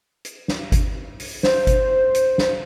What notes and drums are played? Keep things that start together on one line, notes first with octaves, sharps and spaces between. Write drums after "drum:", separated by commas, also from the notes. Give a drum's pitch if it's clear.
drum: hi-hat
drum: snare
drum: kick G1, hi-hat
drum: open hi-hat
C5, drum: snare
drum: kick G1, hi-hat
drum: hi-hat
drum: snare